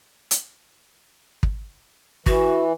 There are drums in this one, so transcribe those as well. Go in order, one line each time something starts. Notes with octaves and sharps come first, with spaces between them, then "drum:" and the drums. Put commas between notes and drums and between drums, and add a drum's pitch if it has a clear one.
drum: hi-hat
drum: kick
E3 F#4, drum: kick